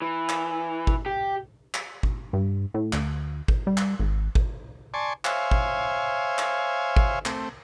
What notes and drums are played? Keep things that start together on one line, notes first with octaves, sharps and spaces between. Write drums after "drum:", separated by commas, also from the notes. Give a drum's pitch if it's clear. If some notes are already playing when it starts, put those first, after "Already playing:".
E3
drum: clap
drum: kick G#1
G4
drum: clap
drum: kick G#1
G2
A2
D2, drum: clap
drum: kick G#1
G3
drum: clap
G#1
drum: kick G#1
D5 G#5 A5 C6 C#6
C5 C#5 E5 F5 G#5, drum: clap
drum: kick G#1
drum: clap
drum: kick G#1
A3 C4, drum: clap